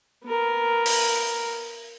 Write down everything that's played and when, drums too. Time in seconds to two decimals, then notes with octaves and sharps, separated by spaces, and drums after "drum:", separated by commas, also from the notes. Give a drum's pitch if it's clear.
0.24 B3 A#4
0.86 drum: open hi-hat